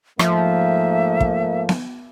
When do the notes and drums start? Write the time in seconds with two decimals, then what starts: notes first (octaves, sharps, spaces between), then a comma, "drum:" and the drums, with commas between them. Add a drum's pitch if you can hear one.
0.19 G#2 F3 A3 A#3 E5, drum: rim click
1.21 drum: kick
1.69 drum: snare B3